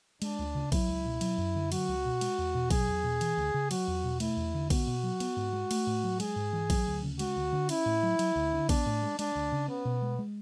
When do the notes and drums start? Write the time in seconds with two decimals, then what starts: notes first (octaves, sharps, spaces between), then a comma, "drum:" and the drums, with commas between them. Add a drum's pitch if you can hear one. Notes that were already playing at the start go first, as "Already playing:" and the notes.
0.22 G#3 D4, drum: cymbal
0.39 D2
0.55 C#3
0.72 F#3 E4, drum: kick A#1, cymbal
0.88 C#2
1.05 B2
1.21 F#3, drum: cymbal
1.38 F#2
1.55 D3
1.72 F#3 F#4, drum: cymbal
1.88 C#2
2.05 B2
2.21 G#3, drum: cymbal
2.38 E2
2.55 B2
2.71 F#3 G#4, drum: kick A#1, cymbal
2.87 E2
3.04 B2
3.21 E3, drum: cymbal
3.37 D2
3.54 C#3
3.71 F#3 F#4, drum: cymbal
3.88 E2
4.04 B2
4.20 A3 E4, drum: cymbal
4.37 E2
4.54 D3
4.70 B3 F#4, drum: kick A#1, cymbal
4.87 B2
5.03 F#3
5.20 B3, drum: cymbal
5.37 G#2
5.53 G#3
5.71 A3, drum: cymbal
5.87 A2
6.04 F#3
6.20 G#3 G#4, drum: cymbal
6.36 G#2
6.53 E3
6.70 F#3, drum: kick A#1, cymbal
6.87 D2
7.03 C#3
7.19 G#3 F#4, drum: cymbal
7.36 D2
7.53 D3
7.69 C#4 E4, drum: cymbal
7.86 A2
8.03 F#3
8.19 F#3, drum: cymbal
8.36 D2
8.53 D3
8.69 B3 D4, drum: kick A#1, cymbal
8.86 A2
9.02 G#3
9.19 G#3 D4, drum: cymbal
9.35 D2
9.52 C#3
9.68 B3 C#4
9.85 B2
10.02 G#3
10.19 G#3